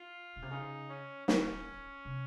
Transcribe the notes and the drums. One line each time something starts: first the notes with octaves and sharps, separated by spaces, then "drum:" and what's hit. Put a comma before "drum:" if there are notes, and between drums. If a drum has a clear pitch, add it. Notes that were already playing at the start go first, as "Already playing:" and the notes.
Already playing: F4
A#2
C3
C#3 D#4
C#4
C#4, drum: snare
C3